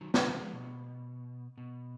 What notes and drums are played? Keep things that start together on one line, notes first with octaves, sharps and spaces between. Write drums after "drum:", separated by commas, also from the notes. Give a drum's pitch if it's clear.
D#3 F#3
F3 G#3, drum: snare
C#3 F3
F3 G#3
B2
B2